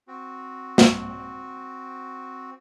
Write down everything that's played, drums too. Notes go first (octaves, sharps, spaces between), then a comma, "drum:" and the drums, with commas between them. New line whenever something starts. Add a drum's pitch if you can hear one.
C4 F#4
drum: snare